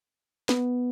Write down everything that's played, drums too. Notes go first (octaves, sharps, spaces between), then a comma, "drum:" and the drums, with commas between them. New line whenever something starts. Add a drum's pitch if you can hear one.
B3, drum: snare